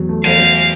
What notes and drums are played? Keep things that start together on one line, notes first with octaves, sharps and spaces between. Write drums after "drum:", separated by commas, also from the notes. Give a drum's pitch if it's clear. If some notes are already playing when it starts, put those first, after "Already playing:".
Already playing: E2 F#3
A3
E2 F5, drum: cymbal
F#3